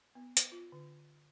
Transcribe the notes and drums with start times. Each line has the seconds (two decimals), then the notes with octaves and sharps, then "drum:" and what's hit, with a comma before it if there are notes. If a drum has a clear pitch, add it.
0.15 B3
0.37 drum: hi-hat
0.52 F4
0.72 D3